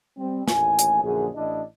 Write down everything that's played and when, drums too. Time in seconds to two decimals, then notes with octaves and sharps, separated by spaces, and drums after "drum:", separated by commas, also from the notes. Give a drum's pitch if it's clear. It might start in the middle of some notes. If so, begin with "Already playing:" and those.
0.18 G3 C4
0.48 A1 D#2 A2 G#5, drum: snare
0.79 drum: hi-hat
1.03 A#1 F#2 D3 G#4
1.35 A1 D4 E4 D#5